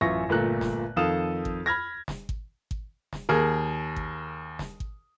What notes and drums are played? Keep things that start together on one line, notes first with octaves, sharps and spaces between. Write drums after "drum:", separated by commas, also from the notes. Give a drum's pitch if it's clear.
A1 F#2 F4 E5 C#6 A#6
G1 A#2 A3 A#5 F#6
drum: snare
F2 D#3 A4 F5 D#6 E7
drum: kick G#1
B5 F6 G#6 A#6
drum: snare
drum: kick G#1
drum: kick G#1
drum: snare
D#2 G#4 A#4
drum: kick G#1
drum: snare
drum: kick G#1